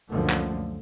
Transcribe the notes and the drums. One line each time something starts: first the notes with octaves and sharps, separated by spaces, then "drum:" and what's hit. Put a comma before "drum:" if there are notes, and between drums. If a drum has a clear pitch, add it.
C#2 F#2 A#2 D3 F3 A3
drum: clap